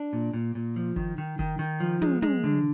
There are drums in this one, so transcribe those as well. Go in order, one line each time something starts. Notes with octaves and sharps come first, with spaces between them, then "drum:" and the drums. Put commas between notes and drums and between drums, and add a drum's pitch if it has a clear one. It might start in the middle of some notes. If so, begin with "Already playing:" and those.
Already playing: D4
A#2
A#2
A#2
F3
D#3, drum: kick F#1
D#3
D#3, drum: kick F#1
D#3
F3
G#3, drum: tom
G#3, drum: tom
D3